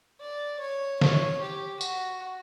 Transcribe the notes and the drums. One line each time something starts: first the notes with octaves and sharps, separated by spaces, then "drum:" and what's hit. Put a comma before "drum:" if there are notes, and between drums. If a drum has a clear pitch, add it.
D5
C#5
C#5, drum: snare
G4
F#4, drum: tambourine